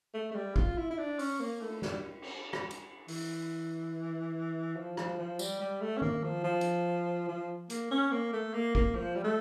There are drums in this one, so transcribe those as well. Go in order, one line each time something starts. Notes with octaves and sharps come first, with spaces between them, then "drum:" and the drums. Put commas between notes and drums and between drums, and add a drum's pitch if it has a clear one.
A3
A3
G3
F4, drum: kick
E4
E4
D4
C#4, drum: open hi-hat
A#3
A3, drum: cymbal
G3, drum: snare
drum: cymbal
drum: rim click
drum: hi-hat
E3, drum: open hi-hat
F3
F3, drum: rim click
F3
G3, drum: tambourine
G3
A3
C#4
A#3, drum: tom
F3
F3
drum: hi-hat
F3
A#3, drum: hi-hat
C#4
A#3
A3
A#3
A#3, drum: kick
F3
G3
A3